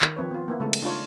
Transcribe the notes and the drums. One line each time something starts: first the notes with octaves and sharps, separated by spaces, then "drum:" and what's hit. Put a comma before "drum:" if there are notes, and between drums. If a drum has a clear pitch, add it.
D#3, drum: clap
F3 C4 B4 C#5
B3 F4
A#3 B3 E4
C#3 G#3 A3 C#4 A4
drum: cymbal
D4 D#4 F4 C#5